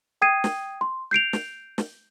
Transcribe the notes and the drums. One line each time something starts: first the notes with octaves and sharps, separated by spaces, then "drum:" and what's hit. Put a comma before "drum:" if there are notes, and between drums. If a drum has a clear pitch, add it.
G5 D#6 G#6 C7 D#7
drum: snare
C6
G6 C7 D7 F7
drum: snare
drum: snare